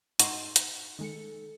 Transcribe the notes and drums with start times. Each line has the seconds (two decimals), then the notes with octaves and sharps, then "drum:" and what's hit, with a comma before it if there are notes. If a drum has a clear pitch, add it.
0.19 G#2 D#4 F#4 C6, drum: hi-hat
0.56 drum: hi-hat
0.99 D#3 G#3 A4 C#7